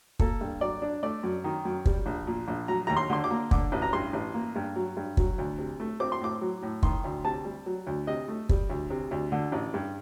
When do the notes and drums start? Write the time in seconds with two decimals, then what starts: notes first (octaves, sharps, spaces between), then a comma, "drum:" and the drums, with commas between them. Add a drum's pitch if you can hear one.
0.19 A#3 A4, drum: kick
0.41 G2
0.61 F#3 D5
0.82 D4
1.03 A3 D5
1.23 F#2
1.44 D#3
1.65 F#2
1.86 G3, drum: kick
2.06 A#1
2.27 A#2
2.48 A#1
2.68 F#3 A#5
2.87 D#2 A#5
2.96 C6
3.10 D3 C6
3.24 D6
3.31 A#3
3.51 D3 D6, drum: kick
3.72 A1
3.82 A#5
3.93 G2 C6
4.13 A1
4.34 A#3
4.55 G2
4.76 F#3
4.97 G2
5.17 F#3, drum: kick
5.38 D2
5.59 C3
5.80 A3
6.00 C4 D6
6.12 C6
6.21 A2 D6
6.41 F#3
6.62 A2
6.83 D#3 C6, drum: kick
7.04 D2
7.25 C3 A5
7.45 G3
7.66 F#3
7.87 D2
8.07 C3 D#5
8.28 A3
8.49 G3, drum: kick
8.69 D2
8.90 C3
9.11 D2
9.32 D3
9.52 A1
9.74 G2